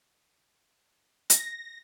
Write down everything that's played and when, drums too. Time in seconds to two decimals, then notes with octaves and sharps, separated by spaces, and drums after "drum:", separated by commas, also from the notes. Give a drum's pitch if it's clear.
1.30 A#6, drum: hi-hat